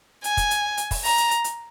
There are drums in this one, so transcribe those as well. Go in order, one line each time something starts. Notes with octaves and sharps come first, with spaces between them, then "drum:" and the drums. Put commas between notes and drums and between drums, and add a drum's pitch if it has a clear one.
G#5, drum: hi-hat
drum: kick, hi-hat
drum: hi-hat
drum: hi-hat
drum: kick, open hi-hat
A#5, drum: open hi-hat
drum: hi-hat
drum: hi-hat
drum: hi-hat